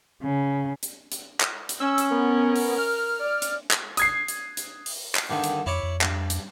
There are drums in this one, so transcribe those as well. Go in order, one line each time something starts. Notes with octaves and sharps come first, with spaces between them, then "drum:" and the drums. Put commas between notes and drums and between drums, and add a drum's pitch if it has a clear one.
C#3
drum: hi-hat
drum: hi-hat
drum: clap
drum: hi-hat
C#4 E6
drum: hi-hat
B3 A#4
drum: open hi-hat
F6
D5
drum: hi-hat
drum: clap
D#6 G#6 C7, drum: hi-hat
drum: hi-hat
drum: hi-hat
drum: open hi-hat
drum: clap
G2 D3 D#3
drum: hi-hat
F2 E4 C#5 D5
F2
G2, drum: clap
drum: hi-hat